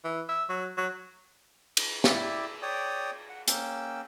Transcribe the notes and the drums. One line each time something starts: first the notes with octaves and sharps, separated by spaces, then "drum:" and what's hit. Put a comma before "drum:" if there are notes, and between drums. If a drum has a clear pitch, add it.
E3
E5
F#3
F#3
drum: cymbal
E4 G4 D5 E5, drum: snare
C#5 D5 G5 D#6
F#5
A#3 C#4 G5 E6, drum: hi-hat